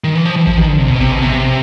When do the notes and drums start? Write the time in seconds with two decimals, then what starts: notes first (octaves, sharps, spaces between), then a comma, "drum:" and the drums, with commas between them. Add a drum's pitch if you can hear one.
0.04 D#3
0.15 E3
0.25 F3
0.36 E3
0.47 F3, drum: kick A1
0.58 D#3
0.68 D3
0.78 C3
0.90 B2, drum: kick A1
1.00 C3
1.11 B2
1.21 C3
1.32 drum: tom B2